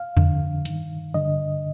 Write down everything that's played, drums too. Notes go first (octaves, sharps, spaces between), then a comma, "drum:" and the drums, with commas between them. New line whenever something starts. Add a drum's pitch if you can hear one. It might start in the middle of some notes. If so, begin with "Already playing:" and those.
Already playing: F5
F2 D3, drum: tom E2
G2 D#3, drum: hi-hat
G2 D3 D#5